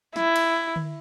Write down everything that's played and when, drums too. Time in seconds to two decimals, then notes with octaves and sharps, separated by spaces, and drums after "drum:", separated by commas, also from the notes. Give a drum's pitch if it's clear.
0.16 E4, drum: snare
0.36 drum: cymbal
0.76 drum: tom D3